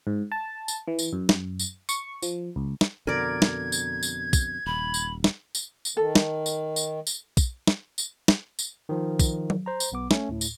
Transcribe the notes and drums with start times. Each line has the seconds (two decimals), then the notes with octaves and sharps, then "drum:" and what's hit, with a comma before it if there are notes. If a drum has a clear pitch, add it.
0.07 G#2
0.32 A5
0.68 drum: tambourine
0.88 E3
0.99 drum: tambourine
1.13 F#2
1.29 drum: snare
1.59 drum: tambourine
1.89 C#6, drum: tambourine
2.22 F3, drum: tambourine
2.56 C#2
2.81 drum: snare
3.07 F2 B2 D3 A#4 D5 G#6
3.42 drum: snare
3.72 drum: tambourine
4.03 drum: tambourine
4.33 drum: kick, tambourine
4.67 D#1 B5
4.94 drum: tambourine
5.24 drum: snare
5.55 drum: tambourine
5.85 drum: tambourine
5.97 D#3 A4
6.15 drum: snare
6.46 drum: tambourine
6.76 drum: tambourine
7.07 drum: tambourine
7.37 drum: kick, tambourine
7.67 drum: snare
7.98 drum: tambourine
8.28 drum: snare
8.59 drum: tambourine
8.89 D#3 F3
9.19 drum: kick, tambourine
9.50 drum: tom F#3
9.66 C5 A#5
9.80 drum: tambourine
9.92 B1 B3 D6
10.11 A3 C#4, drum: snare
10.29 D2 A2
10.41 drum: tambourine